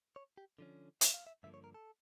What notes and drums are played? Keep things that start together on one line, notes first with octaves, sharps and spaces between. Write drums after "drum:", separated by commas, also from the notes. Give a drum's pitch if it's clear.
C#5
G4
D3 F3 C#4
E5, drum: hi-hat
F5
E5
G2 D3 F3 A#3 E5
C#5
A#4
A4